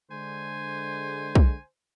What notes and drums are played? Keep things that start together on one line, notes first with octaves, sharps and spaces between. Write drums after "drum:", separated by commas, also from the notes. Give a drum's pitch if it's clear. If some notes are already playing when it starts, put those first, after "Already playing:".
D3 G#3 C5 G#5
drum: kick